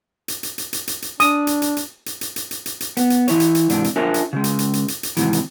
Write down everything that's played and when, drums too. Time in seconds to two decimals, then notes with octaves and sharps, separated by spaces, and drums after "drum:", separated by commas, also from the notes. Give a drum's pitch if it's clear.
0.28 drum: hi-hat
0.43 drum: hi-hat
0.58 drum: hi-hat
0.73 drum: hi-hat
0.87 drum: hi-hat
1.02 drum: hi-hat
1.20 D4 D#6, drum: hi-hat
1.47 drum: hi-hat
1.62 drum: hi-hat
1.77 drum: hi-hat
2.06 drum: hi-hat
2.21 drum: hi-hat
2.36 drum: hi-hat
2.51 drum: hi-hat
2.66 drum: hi-hat
2.80 drum: hi-hat
2.97 B3, drum: hi-hat
3.10 drum: hi-hat
3.28 E3 E4 C#5, drum: hi-hat
3.40 drum: hi-hat
3.55 drum: hi-hat
3.70 G#2 C3 E3 D4, drum: hi-hat
3.84 drum: hi-hat
3.96 D4 F4 A#4 C#5 E5 G#5
4.14 drum: hi-hat
4.33 C#3 G#3
4.44 drum: hi-hat
4.59 drum: hi-hat
4.73 drum: hi-hat
4.88 drum: hi-hat
5.03 drum: hi-hat
5.17 D#2 G#2 C3 E3, drum: hi-hat
5.33 drum: hi-hat